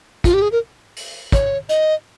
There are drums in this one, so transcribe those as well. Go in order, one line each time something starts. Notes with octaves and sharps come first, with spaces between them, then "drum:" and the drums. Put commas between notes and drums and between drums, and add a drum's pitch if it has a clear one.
F4, drum: kick, hi-hat
G4
G#4
A#4
drum: open hi-hat
C#5, drum: kick, hi-hat
D#5, drum: hi-hat